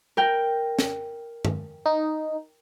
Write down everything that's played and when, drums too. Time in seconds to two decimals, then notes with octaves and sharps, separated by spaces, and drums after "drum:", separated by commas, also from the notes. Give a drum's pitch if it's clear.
0.17 A#4 G5
0.79 drum: snare
1.45 drum: tom G2
1.86 D#4